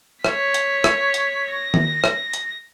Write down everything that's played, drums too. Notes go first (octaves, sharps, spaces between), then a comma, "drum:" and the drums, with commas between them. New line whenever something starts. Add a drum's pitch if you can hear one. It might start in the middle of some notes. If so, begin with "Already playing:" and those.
C#5 B6, drum: rim click
drum: hi-hat
drum: rim click
drum: hi-hat
A#6
drum: tom D#3
drum: rim click
drum: hi-hat